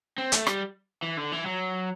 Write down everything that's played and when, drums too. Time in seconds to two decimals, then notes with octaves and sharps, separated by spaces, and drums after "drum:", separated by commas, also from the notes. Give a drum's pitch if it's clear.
0.18 C4
0.32 A3, drum: hi-hat
0.47 G3, drum: rim click
1.03 E3
1.17 D3
1.32 E3
1.46 F#3